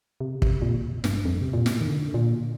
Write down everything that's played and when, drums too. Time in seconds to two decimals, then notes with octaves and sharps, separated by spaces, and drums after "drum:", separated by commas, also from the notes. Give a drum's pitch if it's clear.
0.20 C3
0.42 C3, drum: kick
0.62 A#2
1.04 G2, drum: snare
1.25 F2
1.41 C3
1.53 A#2
1.66 A2, drum: snare
1.81 D#3
1.87 D3
2.14 A#2